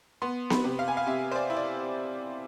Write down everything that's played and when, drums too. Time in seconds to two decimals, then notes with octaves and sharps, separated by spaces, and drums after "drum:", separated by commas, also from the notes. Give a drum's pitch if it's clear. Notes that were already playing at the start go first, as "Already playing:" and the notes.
0.22 B3 C6
0.50 B5, drum: snare B3
0.64 C3
0.79 F5
0.88 G#5
0.97 F5
1.07 C3 E5
1.31 C5
1.35 D5
1.50 E4
1.56 D5